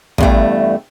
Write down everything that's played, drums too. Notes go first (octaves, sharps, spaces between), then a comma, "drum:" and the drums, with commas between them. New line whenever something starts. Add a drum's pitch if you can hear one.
E2 G2 A3, drum: kick